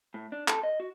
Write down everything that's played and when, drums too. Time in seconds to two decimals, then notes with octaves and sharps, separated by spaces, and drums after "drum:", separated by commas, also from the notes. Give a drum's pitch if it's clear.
0.14 A2
0.32 D4
0.48 A4, drum: clap
0.63 D#5
0.80 F#4